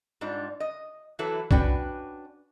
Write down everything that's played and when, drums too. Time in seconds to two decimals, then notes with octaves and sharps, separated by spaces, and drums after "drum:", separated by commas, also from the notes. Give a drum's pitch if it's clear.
0.21 G#2 G3 D4 F4
0.60 D#5
1.19 E3 F#3 E4 A4 B4
1.51 C#4 D4 F#4 B4 G5, drum: kick B1